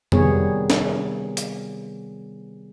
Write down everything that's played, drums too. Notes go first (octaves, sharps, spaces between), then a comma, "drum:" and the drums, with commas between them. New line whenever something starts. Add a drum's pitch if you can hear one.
C3 D#3 G3 B3 G#4 C#5, drum: tom F2
drum: snare
drum: hi-hat